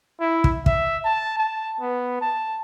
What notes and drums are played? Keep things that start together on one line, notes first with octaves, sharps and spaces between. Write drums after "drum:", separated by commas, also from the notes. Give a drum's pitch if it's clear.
E4
drum: kick
E5, drum: kick
A5
A5
B3
A5